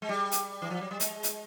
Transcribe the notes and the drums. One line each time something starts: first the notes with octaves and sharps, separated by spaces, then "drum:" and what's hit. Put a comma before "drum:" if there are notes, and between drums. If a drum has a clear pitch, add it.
G#3
G3
drum: hi-hat
E3
F3
F#3
G3
G#3, drum: hi-hat
drum: hi-hat